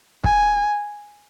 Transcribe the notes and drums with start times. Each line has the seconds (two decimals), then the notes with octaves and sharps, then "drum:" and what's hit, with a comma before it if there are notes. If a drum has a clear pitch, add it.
0.24 G#5, drum: kick